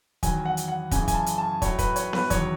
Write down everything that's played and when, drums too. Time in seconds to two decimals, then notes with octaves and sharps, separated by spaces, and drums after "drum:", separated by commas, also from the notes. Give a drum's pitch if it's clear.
0.23 E2 D#3 F#3 G#5, drum: kick, hi-hat
0.46 F#5
0.57 drum: hi-hat
0.68 F#5
0.91 F#2 C#3 E3 G#5, drum: kick, hi-hat
1.08 G#5, drum: kick, hi-hat
1.14 A5
1.26 drum: hi-hat
1.38 A5
1.62 A2 F#3 C#5, drum: kick, hi-hat
1.79 B4, drum: kick, hi-hat
1.96 C#5, drum: hi-hat
2.13 B4, drum: snare B3
2.30 E2 D#3 F#3 C#5, drum: kick, hi-hat